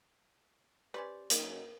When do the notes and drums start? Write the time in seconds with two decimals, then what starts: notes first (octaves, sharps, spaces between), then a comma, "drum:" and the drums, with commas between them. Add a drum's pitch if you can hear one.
0.94 C#4 G4 B4 C5 D5
1.30 F#2 A#3 D#4 A#4, drum: hi-hat